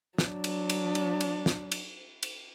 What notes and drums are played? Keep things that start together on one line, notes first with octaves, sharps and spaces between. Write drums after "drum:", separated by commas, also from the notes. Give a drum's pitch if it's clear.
F#3 D4, drum: snare
drum: cymbal
drum: cymbal
drum: cymbal
drum: cymbal
drum: snare
drum: cymbal
drum: cymbal